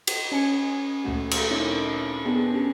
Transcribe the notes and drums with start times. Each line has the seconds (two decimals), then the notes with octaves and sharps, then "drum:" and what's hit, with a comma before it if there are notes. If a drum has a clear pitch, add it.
0.07 drum: cymbal
0.32 C#4 G#5 C#7
1.04 D2 A#2 A3 F#4
1.31 drum: cymbal
1.50 C4 C#4 D#4 E4 A#4
1.68 D7
2.25 B3 D4 G4 G#4
2.52 C#4 G4